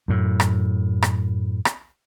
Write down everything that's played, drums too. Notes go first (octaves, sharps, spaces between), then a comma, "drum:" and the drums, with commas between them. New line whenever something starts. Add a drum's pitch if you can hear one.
F#2 A2
drum: rim click
drum: rim click
drum: rim click